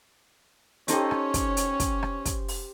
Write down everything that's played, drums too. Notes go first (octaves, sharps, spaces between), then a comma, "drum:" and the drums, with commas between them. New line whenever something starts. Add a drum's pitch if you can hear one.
C#4 D#4 G4 A4 C5 C#5 D#5, drum: hi-hat
drum: rim click
drum: kick, hi-hat
drum: hi-hat
drum: kick, hi-hat
drum: rim click
drum: kick, hi-hat
drum: open hi-hat